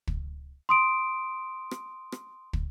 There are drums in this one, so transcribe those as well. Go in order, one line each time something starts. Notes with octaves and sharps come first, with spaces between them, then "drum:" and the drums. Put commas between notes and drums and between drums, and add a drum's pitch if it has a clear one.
drum: kick
C6 D#6 D7
drum: rim click
drum: rim click
drum: kick